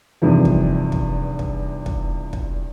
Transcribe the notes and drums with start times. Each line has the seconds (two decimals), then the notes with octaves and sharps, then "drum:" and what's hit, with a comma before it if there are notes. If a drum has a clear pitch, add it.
0.22 E2 G2 C3 D#3 F3
0.45 drum: kick
0.92 drum: kick
1.39 drum: kick
1.86 drum: kick
2.33 drum: kick